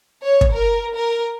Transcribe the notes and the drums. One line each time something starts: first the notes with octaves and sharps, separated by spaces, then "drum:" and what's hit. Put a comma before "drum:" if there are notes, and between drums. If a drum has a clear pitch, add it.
C#5
drum: kick
A#4
A#4